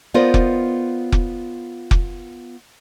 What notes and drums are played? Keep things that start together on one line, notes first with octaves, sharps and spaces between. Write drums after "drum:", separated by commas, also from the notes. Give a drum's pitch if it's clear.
B3 F4 A#4 C5 D5 D#5
drum: kick F1
drum: kick F1
drum: kick F1